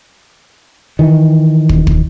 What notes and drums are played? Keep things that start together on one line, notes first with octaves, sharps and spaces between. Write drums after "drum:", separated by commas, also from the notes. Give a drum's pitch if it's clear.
D#3 E3
drum: kick
drum: kick